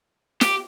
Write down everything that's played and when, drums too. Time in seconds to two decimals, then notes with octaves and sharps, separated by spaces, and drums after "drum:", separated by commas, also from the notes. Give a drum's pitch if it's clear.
0.41 G4, drum: snare